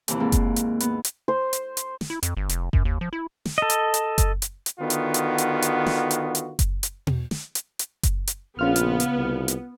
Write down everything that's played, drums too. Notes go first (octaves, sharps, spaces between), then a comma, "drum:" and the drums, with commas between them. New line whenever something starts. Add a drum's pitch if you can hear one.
D#2 C3 E3 E4, drum: hi-hat
G#2 A#3 C4
drum: kick F#1, hi-hat
drum: hi-hat
B3, drum: hi-hat
drum: hi-hat
C5
drum: hi-hat
drum: hi-hat
drum: snare
E4
F2, drum: hi-hat
G1
F1, drum: hi-hat
F#2, drum: kick F#1
D#2
F3
E4
drum: snare
A4 D#5
drum: hi-hat
drum: hi-hat
drum: kick F#1, hi-hat
drum: hi-hat
drum: hi-hat
D3 D#3 B3 F4 F#4
drum: hi-hat
drum: hi-hat
drum: hi-hat
drum: hi-hat
drum: snare
drum: hi-hat
drum: hi-hat
drum: kick F#1, hi-hat
drum: hi-hat
drum: tom B2
drum: snare
drum: hi-hat
drum: hi-hat
drum: kick F#1, hi-hat
drum: hi-hat
A#1 C#3 B3 F4 F6
drum: hi-hat
drum: hi-hat
C2
drum: hi-hat